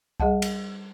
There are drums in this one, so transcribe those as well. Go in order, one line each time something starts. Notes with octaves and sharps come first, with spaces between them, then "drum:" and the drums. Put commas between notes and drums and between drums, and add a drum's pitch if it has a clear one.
G3 G#4 D#5 F#5 A5, drum: kick C2
drum: cymbal